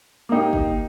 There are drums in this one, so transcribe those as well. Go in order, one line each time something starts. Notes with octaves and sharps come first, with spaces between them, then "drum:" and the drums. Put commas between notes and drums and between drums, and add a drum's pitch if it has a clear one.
A#3 D#4 G4
drum: kick G1